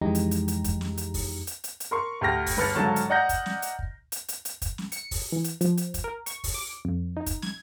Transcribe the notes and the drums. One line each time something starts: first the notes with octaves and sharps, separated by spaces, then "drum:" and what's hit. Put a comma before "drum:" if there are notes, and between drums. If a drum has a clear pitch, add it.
F2 E3 G#3 D#4 G4 A#5
drum: hi-hat
drum: hi-hat
drum: hi-hat
drum: kick, hi-hat
drum: snare
drum: hi-hat
drum: kick, open hi-hat
drum: hi-hat
drum: hi-hat
drum: hi-hat
A#4 C6 C#6
D2 G4 F6 A#6
drum: kick, open hi-hat
G1 B4 F6 A6 C#7
G#1 D3 F#3 A5 C#6
drum: hi-hat
D5 D#5 F#5 A#5 G6 A#6
drum: kick, hi-hat
drum: snare
drum: hi-hat
drum: kick
drum: hi-hat
drum: hi-hat
drum: hi-hat
drum: kick, hi-hat
drum: snare
C#7, drum: hi-hat
drum: kick, open hi-hat
E3
drum: hi-hat
F3, drum: hi-hat
drum: hi-hat
drum: kick, hi-hat
A#4
C#6, drum: hi-hat
drum: kick, open hi-hat
D6
F2
D#4
drum: kick, hi-hat
G#6, drum: snare